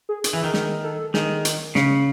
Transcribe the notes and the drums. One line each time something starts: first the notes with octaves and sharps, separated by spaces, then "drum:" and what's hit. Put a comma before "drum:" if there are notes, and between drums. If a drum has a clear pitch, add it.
G#4
G#4, drum: hi-hat
E3
D#3
D#3, drum: snare
A4
D#3 G#4, drum: snare
drum: hi-hat
C#3, drum: snare